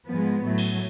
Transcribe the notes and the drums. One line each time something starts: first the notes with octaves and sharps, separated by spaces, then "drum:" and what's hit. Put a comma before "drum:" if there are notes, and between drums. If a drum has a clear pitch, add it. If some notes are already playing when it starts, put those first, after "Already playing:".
G#2 F3 G#3 B3
A2 F#3 A3
drum: cymbal